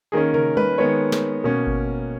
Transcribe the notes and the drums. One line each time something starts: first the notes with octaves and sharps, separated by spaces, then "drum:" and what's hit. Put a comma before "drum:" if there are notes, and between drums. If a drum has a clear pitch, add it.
D#3 A#3 C#4 G#4
A#4, drum: tom
B4, drum: tom G3
D#3 G#3 B3 C#5
drum: snare
B2 A#3 C#4
drum: kick G#1